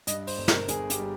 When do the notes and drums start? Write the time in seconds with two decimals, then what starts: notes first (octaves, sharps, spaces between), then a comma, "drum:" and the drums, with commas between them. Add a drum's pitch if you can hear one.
0.07 G2 D#5, drum: hi-hat
0.27 C5, drum: open hi-hat
0.38 G1
0.48 A#4, drum: snare
0.68 G1 G#4, drum: hi-hat
0.90 G4, drum: hi-hat
0.99 G3